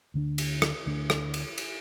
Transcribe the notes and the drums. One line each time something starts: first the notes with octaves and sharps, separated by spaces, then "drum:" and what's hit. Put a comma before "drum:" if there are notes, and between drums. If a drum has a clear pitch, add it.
D2 D3 A3 D4
drum: cymbal
drum: rim click
D2 D3 A3 D4
drum: rim click
drum: cymbal
drum: cymbal